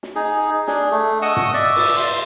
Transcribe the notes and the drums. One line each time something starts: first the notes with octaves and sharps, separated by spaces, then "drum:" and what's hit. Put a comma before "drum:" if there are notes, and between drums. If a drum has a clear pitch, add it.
drum: snare
D#4 G#4
D4 G#4, drum: snare
A3
D#5 F#5 C#6 E6
drum: tom
D5 E5
drum: cymbal
C6